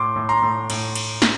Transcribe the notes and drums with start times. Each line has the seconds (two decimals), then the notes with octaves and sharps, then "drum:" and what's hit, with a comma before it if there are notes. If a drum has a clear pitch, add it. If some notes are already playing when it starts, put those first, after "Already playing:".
Already playing: A2 C6 D6
0.16 A2
0.29 A#5 C6
0.42 A2
0.70 A2, drum: cymbal
0.95 drum: cymbal
1.22 drum: snare